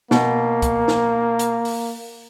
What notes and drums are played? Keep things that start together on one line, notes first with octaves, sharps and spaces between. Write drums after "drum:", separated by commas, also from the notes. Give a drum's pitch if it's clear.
B2 A#3, drum: snare
drum: kick C2, hi-hat
drum: snare
drum: hi-hat
drum: open hi-hat